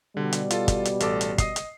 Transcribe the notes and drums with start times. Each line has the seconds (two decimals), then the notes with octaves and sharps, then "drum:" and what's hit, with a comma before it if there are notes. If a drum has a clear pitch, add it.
0.17 B2 D3 G3
0.33 drum: hi-hat
0.51 F4 A4, drum: hi-hat
0.68 drum: kick, hi-hat
0.85 drum: hi-hat
1.00 A1 A4 D6, drum: hi-hat
1.21 drum: hi-hat
1.38 D#5 D#6 C7, drum: kick, hi-hat
1.56 drum: hi-hat